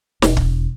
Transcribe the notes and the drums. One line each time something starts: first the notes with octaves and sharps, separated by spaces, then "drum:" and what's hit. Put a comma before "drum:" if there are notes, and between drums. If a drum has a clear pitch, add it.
E1, drum: snare
drum: kick